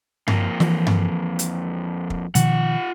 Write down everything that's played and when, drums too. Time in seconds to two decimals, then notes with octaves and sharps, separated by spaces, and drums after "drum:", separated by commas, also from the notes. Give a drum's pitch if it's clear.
0.28 F2 A#3, drum: tom G2
0.60 E3 F3, drum: snare
0.87 drum: tom G2
1.39 drum: hi-hat
2.10 drum: kick
2.35 B2 D#3 F3 F4 F#5, drum: hi-hat